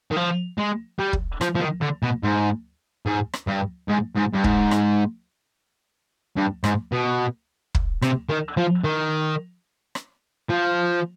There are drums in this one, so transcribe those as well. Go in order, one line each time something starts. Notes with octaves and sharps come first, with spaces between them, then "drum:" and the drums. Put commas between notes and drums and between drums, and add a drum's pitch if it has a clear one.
D#3
F3
G#3
G3
drum: kick
F3, drum: rim click
F3
D#3
D3
B2
G#2
G#2
drum: rim click
G2
G#2
G#2
G2
G#2, drum: kick
drum: rim click
G2
G#2, drum: rim click
B2
drum: kick
C3, drum: rim click
D#3
F3
D#3
drum: rim click
F3